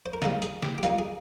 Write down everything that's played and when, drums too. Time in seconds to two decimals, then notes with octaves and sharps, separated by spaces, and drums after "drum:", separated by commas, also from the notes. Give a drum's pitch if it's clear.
0.06 C5
0.13 A#4
0.22 G3 A#3 D#4 G#4, drum: snare
0.42 G#4, drum: hi-hat
0.63 G4, drum: snare
0.78 G4
0.83 G3 A#3 D#4 F4, drum: hi-hat
0.99 G#4